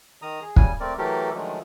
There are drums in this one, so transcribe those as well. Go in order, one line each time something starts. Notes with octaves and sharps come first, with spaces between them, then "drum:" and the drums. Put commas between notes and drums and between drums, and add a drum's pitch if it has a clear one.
D#3 A#5 D#6
G#4
C#3 G3 G#5, drum: kick
A3 C4 A#4 D5
E3 F#3 A3 G4 A4 A#4
D3 D#3 F3 F#3 G#3 A3